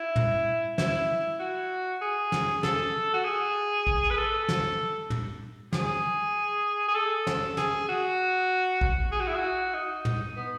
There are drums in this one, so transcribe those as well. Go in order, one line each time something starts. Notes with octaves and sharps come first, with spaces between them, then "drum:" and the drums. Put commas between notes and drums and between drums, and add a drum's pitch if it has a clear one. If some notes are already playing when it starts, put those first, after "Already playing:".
Already playing: E4
drum: tom
E4, drum: snare
F#4
G#4
drum: snare
A4, drum: snare
F#4
G#4
drum: kick A1
B4
A4
drum: snare
drum: tom
G#4, drum: snare
G#4
A4
drum: snare
G#4, drum: snare
F#4
drum: kick A1
G#4
F#4
E4
F#4
D#4
drum: tom
B3